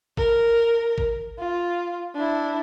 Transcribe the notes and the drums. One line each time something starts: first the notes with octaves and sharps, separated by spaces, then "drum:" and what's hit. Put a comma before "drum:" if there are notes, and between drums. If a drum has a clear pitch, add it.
A#4, drum: kick
drum: kick
F4
D4 E4